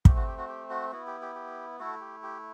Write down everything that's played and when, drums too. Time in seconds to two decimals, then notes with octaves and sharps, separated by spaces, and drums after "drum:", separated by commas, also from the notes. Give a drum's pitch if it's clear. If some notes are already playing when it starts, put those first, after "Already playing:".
0.05 A3 C4 F#4 G4, drum: kick
0.16 F#4
0.27 G4
0.38 F#4
0.49 G4
0.70 F#4
0.92 B3 E4 F#4
1.07 G4
1.22 G4
1.35 G4
1.79 A3 E4 F#4 A4
2.01 G4
2.23 G4